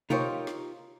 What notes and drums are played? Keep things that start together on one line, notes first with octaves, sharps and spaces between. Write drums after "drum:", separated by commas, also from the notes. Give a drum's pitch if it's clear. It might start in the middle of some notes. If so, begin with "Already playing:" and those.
D#4 F4 G4 A#4 C5 C#5, drum: tom B2
drum: snare